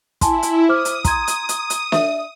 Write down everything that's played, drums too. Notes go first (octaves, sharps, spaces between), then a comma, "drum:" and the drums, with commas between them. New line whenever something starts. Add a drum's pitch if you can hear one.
E4 G#5 A5 C6, drum: kick, hi-hat
drum: hi-hat
C5 D6 D#6 F6
drum: hi-hat
A#5 C6 G#6, drum: kick, hi-hat
drum: hi-hat
drum: hi-hat
drum: hi-hat
E5, drum: snare